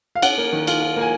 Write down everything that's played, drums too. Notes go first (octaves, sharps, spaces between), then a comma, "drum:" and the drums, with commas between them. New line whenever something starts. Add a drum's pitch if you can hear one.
F5
C#4 F#5, drum: cymbal
A#3
D#3
F4, drum: cymbal
F4
A#3 G#5